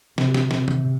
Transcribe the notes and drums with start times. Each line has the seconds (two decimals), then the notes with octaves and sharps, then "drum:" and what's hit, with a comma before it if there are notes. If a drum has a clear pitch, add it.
0.18 C3, drum: snare
0.34 drum: snare
0.51 C3, drum: snare
0.68 drum: tom D#3